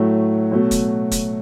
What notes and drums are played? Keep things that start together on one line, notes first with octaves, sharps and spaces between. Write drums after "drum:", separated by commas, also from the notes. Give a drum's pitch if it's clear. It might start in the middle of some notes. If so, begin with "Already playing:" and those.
Already playing: A2 F#3 A3
B2 F#3 A3
drum: kick E1, hi-hat
drum: kick E1, hi-hat